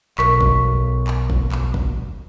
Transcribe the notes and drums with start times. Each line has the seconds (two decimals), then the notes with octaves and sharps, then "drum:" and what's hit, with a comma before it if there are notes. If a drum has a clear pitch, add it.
0.18 B1 A#4 C#6 B6, drum: clap
0.41 drum: kick
1.07 drum: clap
1.30 drum: kick
1.52 drum: clap
1.74 drum: kick